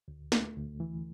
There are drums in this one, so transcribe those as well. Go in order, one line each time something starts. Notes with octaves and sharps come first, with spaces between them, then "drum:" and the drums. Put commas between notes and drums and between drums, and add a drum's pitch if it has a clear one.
D2
A3, drum: snare
D2
E3